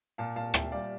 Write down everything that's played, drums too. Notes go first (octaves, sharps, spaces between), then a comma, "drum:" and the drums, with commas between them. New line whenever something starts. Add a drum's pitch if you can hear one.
A#2 F5 A5
A#2 F5 A5
A#2 E5 G5, drum: rim click
G3 D5 F5